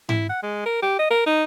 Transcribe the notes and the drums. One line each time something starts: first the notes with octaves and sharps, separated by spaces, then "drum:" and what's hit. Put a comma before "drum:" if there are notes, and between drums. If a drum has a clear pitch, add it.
E4, drum: tom G#2
F#5
G#3
A#4
G4
D#5
A#4
D#4